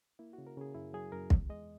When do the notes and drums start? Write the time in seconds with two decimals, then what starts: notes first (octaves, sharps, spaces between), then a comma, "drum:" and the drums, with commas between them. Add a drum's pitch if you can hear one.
0.19 A#3 E4
0.33 F#4
0.38 C#3
0.47 A#4
0.57 C#3 G#4
0.75 F#2 E4
0.93 F#3 G#4
1.12 F#2 A#4
1.30 E2, drum: kick
1.50 G#3 D#5